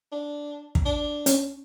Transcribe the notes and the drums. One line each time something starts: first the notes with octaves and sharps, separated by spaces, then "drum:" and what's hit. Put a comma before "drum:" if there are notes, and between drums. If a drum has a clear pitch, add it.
D4
drum: kick
D4
C#4, drum: hi-hat